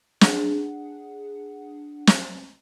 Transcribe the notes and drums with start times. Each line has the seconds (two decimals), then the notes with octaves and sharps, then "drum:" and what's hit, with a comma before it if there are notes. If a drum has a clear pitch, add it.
0.21 D4 G#4 F#5, drum: snare
2.07 drum: snare